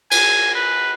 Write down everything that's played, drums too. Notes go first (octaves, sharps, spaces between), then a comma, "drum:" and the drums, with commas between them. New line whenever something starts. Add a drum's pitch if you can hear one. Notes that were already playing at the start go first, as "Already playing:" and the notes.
G#5, drum: cymbal
B4